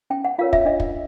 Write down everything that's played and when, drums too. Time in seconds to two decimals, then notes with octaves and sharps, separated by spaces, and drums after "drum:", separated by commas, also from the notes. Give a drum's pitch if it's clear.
0.10 C#4 G5
0.25 F#5
0.38 F4 A#4 C#5 F5
0.53 E5, drum: kick
0.65 D4 D#5
0.80 drum: kick